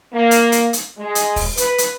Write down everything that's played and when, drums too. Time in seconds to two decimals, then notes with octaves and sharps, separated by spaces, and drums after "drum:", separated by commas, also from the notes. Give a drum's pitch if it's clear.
0.14 A#3
0.31 drum: hi-hat
0.52 drum: hi-hat
0.73 drum: hi-hat
0.99 G#3
1.15 drum: hi-hat
1.36 drum: kick E1, open hi-hat
1.57 B4, drum: hi-hat
1.78 drum: hi-hat